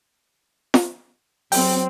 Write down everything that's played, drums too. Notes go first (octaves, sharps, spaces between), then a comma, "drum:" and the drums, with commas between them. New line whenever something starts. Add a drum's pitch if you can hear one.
drum: snare
F#3 C4 G5, drum: open hi-hat